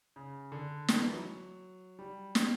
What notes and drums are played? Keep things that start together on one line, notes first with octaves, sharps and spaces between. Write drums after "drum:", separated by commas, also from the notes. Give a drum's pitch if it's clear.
C#3
D3
D#3, drum: snare
E3
F#3
G3
G3, drum: snare